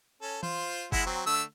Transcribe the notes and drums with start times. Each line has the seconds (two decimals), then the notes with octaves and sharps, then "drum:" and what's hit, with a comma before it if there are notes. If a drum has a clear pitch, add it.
0.22 C#4 A4
0.43 F4 C5, drum: tom E3
0.92 G#3 E4 F#5, drum: kick
1.06 F#3 C4
1.26 D3 A3 E6